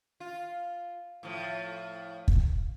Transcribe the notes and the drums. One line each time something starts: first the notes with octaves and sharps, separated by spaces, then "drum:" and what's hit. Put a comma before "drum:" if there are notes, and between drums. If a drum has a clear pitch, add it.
F4
A2 F3
drum: kick